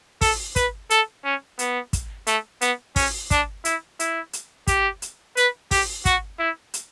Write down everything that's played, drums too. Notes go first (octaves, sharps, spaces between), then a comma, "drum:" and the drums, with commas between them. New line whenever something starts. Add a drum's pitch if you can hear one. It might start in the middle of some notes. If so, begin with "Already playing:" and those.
A4, drum: kick, open hi-hat
B4, drum: kick, hi-hat
A4, drum: hi-hat
C#4
B3, drum: hi-hat
drum: kick, hi-hat
A3, drum: hi-hat
B3, drum: hi-hat
C#4, drum: kick, open hi-hat
D4, drum: kick, hi-hat
E4, drum: hi-hat
E4, drum: hi-hat
drum: hi-hat
G4, drum: kick, hi-hat
drum: hi-hat
B4, drum: hi-hat
G4, drum: kick, open hi-hat
F#4, drum: kick, hi-hat
E4
drum: hi-hat